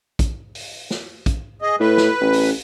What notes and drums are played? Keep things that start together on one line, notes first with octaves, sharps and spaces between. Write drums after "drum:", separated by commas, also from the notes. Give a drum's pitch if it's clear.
drum: kick, hi-hat
drum: open hi-hat
drum: snare
drum: kick, hi-hat
G#4 D#5
A2 B4
drum: snare
A1
drum: open hi-hat